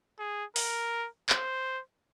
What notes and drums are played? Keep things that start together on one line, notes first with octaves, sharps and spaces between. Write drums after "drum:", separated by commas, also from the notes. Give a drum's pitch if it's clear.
G#4
A#4, drum: open hi-hat
C5, drum: clap